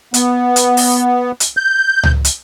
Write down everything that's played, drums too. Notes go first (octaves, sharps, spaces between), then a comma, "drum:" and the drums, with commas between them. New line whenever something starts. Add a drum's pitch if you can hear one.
B3, drum: hi-hat
drum: hi-hat
drum: open hi-hat
drum: hi-hat
G6
drum: tom C#2
drum: hi-hat